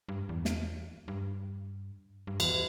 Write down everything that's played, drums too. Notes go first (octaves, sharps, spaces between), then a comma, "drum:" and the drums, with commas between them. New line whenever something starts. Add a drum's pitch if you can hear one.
G2
E2
drum: snare
G2
G2
E2, drum: cymbal